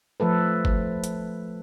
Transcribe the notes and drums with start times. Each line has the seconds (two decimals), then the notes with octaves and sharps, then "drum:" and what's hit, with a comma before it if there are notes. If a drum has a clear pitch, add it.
0.20 F3 A3 A4 B4
0.65 drum: kick G1
1.04 drum: hi-hat